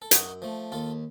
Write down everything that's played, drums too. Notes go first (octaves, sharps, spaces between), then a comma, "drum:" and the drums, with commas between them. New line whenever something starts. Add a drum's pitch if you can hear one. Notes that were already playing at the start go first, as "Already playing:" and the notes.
A4
F#2 D#4 F#4, drum: hi-hat
F3 A3
D#2 F4 A4